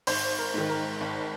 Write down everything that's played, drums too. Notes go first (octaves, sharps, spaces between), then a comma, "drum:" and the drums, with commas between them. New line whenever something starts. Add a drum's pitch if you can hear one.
G#1 C5, drum: open hi-hat
A#4
G#2 D#3
A#4
G#1